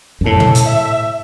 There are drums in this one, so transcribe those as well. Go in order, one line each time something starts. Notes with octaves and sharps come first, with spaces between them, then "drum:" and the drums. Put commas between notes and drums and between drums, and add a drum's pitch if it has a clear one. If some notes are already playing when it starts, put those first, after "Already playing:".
F#2
A2 A4
drum: tom A#2
drum: hi-hat
E5